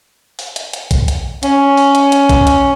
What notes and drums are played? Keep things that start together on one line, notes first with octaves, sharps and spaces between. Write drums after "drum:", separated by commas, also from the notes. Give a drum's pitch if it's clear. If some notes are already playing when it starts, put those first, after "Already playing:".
drum: open hi-hat
drum: hi-hat
drum: hi-hat
drum: kick A#1, hi-hat
drum: hi-hat
C#4, drum: hi-hat
drum: open hi-hat
drum: hi-hat
drum: hi-hat
drum: kick A#1, hi-hat
drum: hi-hat